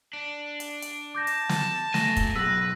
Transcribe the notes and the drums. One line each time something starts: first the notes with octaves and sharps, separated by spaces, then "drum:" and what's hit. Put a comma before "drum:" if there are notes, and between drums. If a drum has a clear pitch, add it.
D4
drum: hi-hat
drum: hi-hat
A5 D6 G6 A#6
drum: hi-hat
drum: snare
A3 A#3 G#5 A#6, drum: snare
drum: kick, hi-hat
B2 F#3 G#4 B4 E6 A#6